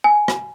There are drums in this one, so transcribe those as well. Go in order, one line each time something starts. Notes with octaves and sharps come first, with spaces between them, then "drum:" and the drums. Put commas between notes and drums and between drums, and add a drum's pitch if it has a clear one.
G#5
drum: rim click